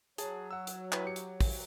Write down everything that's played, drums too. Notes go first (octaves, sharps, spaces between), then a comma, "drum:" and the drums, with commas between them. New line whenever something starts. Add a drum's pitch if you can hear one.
F#3 G#4 A5, drum: hi-hat
F#5 E6
drum: hi-hat
E4 B4 G5, drum: clap
G4 C#7
drum: hi-hat
drum: kick, open hi-hat